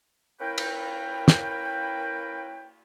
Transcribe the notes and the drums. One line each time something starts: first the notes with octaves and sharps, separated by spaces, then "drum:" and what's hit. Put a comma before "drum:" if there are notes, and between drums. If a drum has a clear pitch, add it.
A#3 C#4 E4 A#4 B4 G5
drum: cymbal
drum: snare